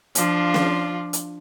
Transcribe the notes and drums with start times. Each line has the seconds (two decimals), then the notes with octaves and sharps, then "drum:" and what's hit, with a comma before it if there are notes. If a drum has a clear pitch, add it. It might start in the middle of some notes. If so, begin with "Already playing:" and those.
0.15 F3 D4 F4, drum: hi-hat
0.54 drum: snare
1.13 drum: hi-hat